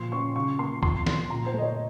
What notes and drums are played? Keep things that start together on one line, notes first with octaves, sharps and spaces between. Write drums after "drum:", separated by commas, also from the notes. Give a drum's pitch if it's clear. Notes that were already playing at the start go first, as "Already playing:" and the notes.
Already playing: A#2 F3 C6
C#4 C#6
C#3 C#6
A#3 C6
F2 C6, drum: kick
F3, drum: snare
A#2 A#5
C5
A3 D#5
C#5